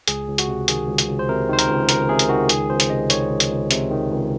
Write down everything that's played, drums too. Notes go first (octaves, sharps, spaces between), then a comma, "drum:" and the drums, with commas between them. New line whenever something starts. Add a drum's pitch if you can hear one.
C#2 G#4, drum: hi-hat
C#2
F#4, drum: hi-hat
C3
D#3 G#4, drum: hi-hat
C#2
drum: hi-hat
C#2
C5
C3 A#4
D#3 C5
A#4, drum: hi-hat
C#2
C#2 A#4, drum: hi-hat
C3 G#4
drum: hi-hat
D#3 F#4
C#2 G#4, drum: hi-hat
C#2 C5
drum: hi-hat
C3 D#5
D#3 C#5, drum: hi-hat
C#2
drum: hi-hat
C#2
C3, drum: hi-hat
D#3
C#2